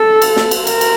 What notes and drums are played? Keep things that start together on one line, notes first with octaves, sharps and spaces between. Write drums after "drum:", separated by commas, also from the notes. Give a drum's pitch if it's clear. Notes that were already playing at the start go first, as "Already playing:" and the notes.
Already playing: A4
drum: cymbal
drum: snare
drum: cymbal
A#4, drum: cymbal
drum: cymbal